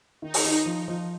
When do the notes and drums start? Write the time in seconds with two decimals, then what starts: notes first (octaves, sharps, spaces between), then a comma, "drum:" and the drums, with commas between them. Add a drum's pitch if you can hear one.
0.22 D#3 D#4
0.34 drum: open hi-hat
0.44 D#3
0.66 F3
0.88 F3